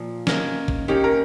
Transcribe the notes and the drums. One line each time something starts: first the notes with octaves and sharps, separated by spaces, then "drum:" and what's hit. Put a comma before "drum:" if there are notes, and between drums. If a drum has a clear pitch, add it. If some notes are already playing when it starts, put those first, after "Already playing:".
Already playing: A#2 F3
D#3 A#3 C#4, drum: snare
drum: kick G#1
D#3 A#3 C#4 G4
A#4